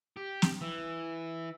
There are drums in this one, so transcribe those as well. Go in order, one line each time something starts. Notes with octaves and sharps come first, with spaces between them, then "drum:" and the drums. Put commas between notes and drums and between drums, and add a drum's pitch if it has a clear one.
G4
drum: snare
E3